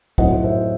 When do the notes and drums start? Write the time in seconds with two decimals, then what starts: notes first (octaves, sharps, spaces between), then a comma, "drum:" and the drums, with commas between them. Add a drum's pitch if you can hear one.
0.18 A2 F#3 C4 D#5 F#5, drum: kick
0.44 C5 E5